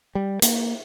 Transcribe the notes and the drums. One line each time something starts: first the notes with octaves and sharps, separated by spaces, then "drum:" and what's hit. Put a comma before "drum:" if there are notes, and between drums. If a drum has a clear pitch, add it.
G3
A#3, drum: hi-hat